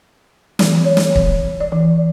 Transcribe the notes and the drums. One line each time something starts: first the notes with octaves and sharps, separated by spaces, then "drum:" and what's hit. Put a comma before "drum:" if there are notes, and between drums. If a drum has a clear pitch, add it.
E3, drum: snare
C#5
drum: snare
drum: kick
D5
E3